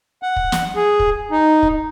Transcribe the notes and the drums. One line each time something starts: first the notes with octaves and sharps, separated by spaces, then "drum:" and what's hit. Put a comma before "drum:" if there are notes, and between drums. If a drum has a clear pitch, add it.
F#5
drum: kick
drum: snare
G#4
drum: kick
D#4
drum: kick